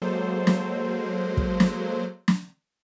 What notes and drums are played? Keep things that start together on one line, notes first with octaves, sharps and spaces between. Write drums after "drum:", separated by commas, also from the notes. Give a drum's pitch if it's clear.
F#3 G#3 A#3 A4 C5
drum: snare
drum: kick
drum: snare
drum: snare